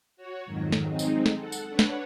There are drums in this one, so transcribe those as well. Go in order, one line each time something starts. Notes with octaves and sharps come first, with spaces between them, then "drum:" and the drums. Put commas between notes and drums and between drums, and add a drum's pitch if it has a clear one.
F#4 C#5
F2 G#2 D#3 F#3
drum: snare
G#3 C4 D#4
drum: tambourine
drum: snare
A4 F#5
drum: tambourine
D4 B4 C#5 F#5
drum: snare